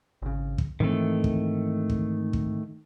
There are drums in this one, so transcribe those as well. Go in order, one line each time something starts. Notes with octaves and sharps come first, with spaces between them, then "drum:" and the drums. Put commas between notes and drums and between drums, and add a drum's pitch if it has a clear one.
G#1 C#3
drum: kick
G#2 D#3 E3 A3 C4
drum: kick
drum: kick
drum: kick